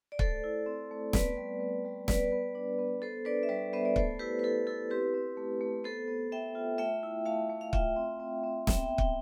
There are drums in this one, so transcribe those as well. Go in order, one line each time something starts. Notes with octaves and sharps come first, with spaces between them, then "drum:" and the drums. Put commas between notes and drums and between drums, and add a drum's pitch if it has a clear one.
D5
A3 A4 C5, drum: kick
E4
C4
A3
B3 B4 D5, drum: snare
G3
B3
G3
B3 B4 D5, drum: snare
B3
D4
B3
B3 A4 C5
D4 B4 D5
E5
G3 B4 D5
B3 C5 E5
D5
A3 A4 C5, drum: kick
E4 G4 B4
B4
E4 A4
E4 A4
C4 G4 B4
C4
A3
A3
B3 A4 C5
B3
B3 E5 G5
F4
A3 E5 G5
E4
A3 F5 A5
A3
F5
F4 E5 G5, drum: kick
C4
C4
C4
B3 E5 G5, drum: snare
B3
E5 G5, drum: kick